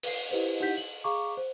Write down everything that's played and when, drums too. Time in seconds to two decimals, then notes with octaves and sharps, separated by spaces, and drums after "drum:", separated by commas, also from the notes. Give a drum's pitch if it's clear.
0.03 B4 C7, drum: open hi-hat
0.30 E4 G4 B4 C5 D#5
0.60 D#4 E4 G4 F#5 G6 B6
0.77 F#7
1.04 G#4 F5 A#5 C#6 D6
1.37 C5